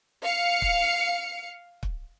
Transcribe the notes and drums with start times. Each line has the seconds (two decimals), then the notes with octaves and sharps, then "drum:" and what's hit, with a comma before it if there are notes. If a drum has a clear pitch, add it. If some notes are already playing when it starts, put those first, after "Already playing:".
0.22 F5 C#7
0.62 drum: kick
1.83 drum: kick